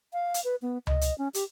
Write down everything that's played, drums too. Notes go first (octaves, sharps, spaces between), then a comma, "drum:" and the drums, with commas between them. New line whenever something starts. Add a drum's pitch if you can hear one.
F5
drum: hi-hat
B4
B3
D#5, drum: tom C#2
drum: hi-hat
C#4
G4, drum: hi-hat